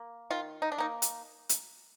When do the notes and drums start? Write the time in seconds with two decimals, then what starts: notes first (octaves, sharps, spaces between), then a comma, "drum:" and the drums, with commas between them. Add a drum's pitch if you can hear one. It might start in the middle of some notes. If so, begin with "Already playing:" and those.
Already playing: A#3
0.30 D#3 F4
0.62 D#4
0.72 D4
0.78 A#3 D#4
1.02 drum: hi-hat
1.49 drum: hi-hat